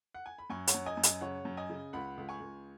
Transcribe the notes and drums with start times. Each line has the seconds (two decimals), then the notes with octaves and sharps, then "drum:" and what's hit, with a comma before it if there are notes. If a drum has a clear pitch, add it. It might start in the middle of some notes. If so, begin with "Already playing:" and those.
0.14 F#5
0.26 G#5
0.38 B5
0.50 F#2 G#5 C#6
0.67 C#5 F#5, drum: hi-hat
0.74 F#2
0.86 D#5 G#5
0.97 F#2
1.03 D#5 G#5, drum: hi-hat
1.21 C#3 C#5 F#5
1.45 F#2
1.57 D#5 G#5
1.70 C#3
1.93 C#2 F#5 B5
2.18 C#2
2.29 G#5 C#6
2.40 C#2